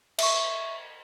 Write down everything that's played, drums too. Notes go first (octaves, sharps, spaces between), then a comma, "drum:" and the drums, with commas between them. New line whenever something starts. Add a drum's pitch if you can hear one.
E5 C#6, drum: cymbal